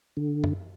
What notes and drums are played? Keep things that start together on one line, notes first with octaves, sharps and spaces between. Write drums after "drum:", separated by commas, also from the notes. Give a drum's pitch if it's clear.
D3
drum: tom F#2